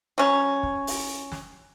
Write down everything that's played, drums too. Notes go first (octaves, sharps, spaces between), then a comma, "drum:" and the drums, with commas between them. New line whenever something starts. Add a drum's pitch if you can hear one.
F#3 C#4
drum: kick
drum: open hi-hat
drum: snare